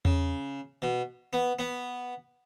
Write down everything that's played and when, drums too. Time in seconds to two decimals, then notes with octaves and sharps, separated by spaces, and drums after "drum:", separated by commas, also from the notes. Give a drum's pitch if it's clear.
0.05 C#3, drum: tom E2
0.82 B2
1.33 B3
1.59 B3